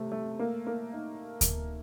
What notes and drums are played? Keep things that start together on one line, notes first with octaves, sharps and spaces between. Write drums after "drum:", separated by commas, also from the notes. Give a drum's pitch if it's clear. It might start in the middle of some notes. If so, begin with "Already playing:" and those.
Already playing: C3 A3
A3
A#3
A#3
D#4
drum: kick D2, hi-hat